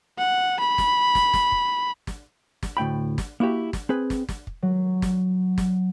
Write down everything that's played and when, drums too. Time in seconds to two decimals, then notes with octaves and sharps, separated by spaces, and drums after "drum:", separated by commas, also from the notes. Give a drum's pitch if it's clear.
0.18 F#5
0.60 B5
0.78 drum: snare
1.15 drum: snare
1.34 drum: snare
1.52 drum: kick
2.07 drum: snare
2.63 drum: snare
2.77 D2 A2 G5 B5
3.18 drum: snare
3.40 A#3 E4 F#4 G4
3.73 drum: snare
3.89 C4 G#4 B4
4.10 drum: snare
4.29 drum: snare
4.47 drum: kick
4.62 F#3
5.02 drum: snare
5.58 drum: snare